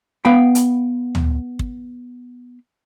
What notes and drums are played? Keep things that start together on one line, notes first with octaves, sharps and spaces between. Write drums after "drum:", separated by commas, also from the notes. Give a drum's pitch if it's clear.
B3 F5 G5 B5
drum: hi-hat
drum: tom
drum: kick